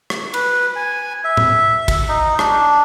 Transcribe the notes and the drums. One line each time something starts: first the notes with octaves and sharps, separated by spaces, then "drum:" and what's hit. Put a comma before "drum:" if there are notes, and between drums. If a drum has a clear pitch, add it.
drum: rim click
B4, drum: cymbal
G#5
E5
drum: tom A2
drum: kick, cymbal
D#4
D4, drum: rim click